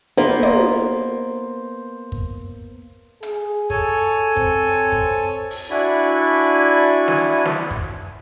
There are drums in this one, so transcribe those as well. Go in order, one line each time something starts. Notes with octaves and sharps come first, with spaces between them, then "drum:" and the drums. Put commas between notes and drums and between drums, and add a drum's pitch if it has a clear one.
A#3 B3 C5
drum: tom
drum: kick
G#4, drum: hi-hat
A4 C#5 G#5, drum: kick
C4, drum: kick
drum: kick
drum: open hi-hat
D4 E4 F#4 D5 G#5 B5
drum: snare
drum: snare
drum: kick